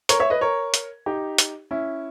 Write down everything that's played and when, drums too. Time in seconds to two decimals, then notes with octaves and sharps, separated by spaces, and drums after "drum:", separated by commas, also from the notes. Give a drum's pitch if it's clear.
0.09 A#4 C#5, drum: hi-hat
0.20 C#5 E5
0.30 B4 D#5
0.41 A#4 C#5
0.74 drum: hi-hat
1.06 D#4 G4
1.38 drum: hi-hat
1.71 C#4 E4